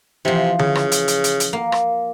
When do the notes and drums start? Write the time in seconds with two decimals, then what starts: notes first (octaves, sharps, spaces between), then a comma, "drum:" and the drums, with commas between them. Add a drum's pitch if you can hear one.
0.25 C3 E3 F3
0.59 C#3, drum: tom D3
0.75 drum: rim click
0.92 drum: hi-hat
1.08 drum: hi-hat
1.24 drum: hi-hat
1.40 drum: hi-hat
1.53 A#3
1.72 drum: rim click